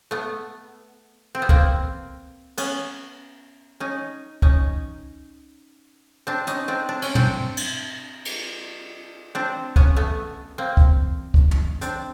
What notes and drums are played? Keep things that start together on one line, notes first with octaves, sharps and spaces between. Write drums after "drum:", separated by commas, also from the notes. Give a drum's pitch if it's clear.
A3 B3
C4
B3
A#3 C4, drum: kick
B3 C#4, drum: cymbal
C#4 D#4
C#4 D#4, drum: kick
C4 D4
C#4 D#4, drum: hi-hat
C4 D4
D4
C#4, drum: cymbal
C4 D4, drum: tom
drum: cymbal
drum: cymbal
C4 D4
B3 C#4, drum: kick
A3 B3
A#3 C4
drum: kick
drum: kick
drum: tom
C4 D4, drum: hi-hat